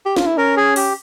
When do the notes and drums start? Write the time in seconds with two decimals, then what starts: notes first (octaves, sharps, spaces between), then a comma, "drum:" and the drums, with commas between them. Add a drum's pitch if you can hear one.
0.06 G4
0.16 F4, drum: snare
0.27 E4
0.38 C#4 A#4
0.57 G#4
0.76 G4, drum: open hi-hat